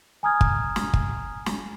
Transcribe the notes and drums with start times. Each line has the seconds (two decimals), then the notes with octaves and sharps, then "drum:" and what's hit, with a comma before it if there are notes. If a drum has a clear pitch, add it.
0.23 G#5 A#5 D#6 F6 G#6
0.41 drum: kick
0.76 drum: snare
0.93 drum: kick
1.46 drum: snare